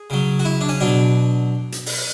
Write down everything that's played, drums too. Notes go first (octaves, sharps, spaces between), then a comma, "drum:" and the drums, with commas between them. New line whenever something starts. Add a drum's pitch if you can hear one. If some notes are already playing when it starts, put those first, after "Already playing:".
Already playing: G#4
C#3 F#3
F#4
E4
D4
C#4
B2 F#3 D4
drum: hi-hat
drum: open hi-hat